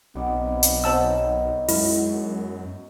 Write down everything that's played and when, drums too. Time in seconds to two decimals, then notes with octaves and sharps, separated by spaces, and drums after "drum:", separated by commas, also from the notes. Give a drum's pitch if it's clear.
0.15 B1 B3 C4 D#4 D5
0.63 drum: hi-hat
0.84 D#3 F#3 C5 A5 E6
1.68 F#2 G#3 E4, drum: open hi-hat